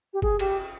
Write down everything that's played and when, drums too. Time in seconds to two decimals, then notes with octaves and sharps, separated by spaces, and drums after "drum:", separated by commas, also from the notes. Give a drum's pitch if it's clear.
0.13 G4
0.22 G#4, drum: kick
0.39 G4, drum: cymbal